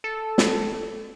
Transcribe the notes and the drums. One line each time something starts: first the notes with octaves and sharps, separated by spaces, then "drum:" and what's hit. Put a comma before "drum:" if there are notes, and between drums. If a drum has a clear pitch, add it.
A4
drum: snare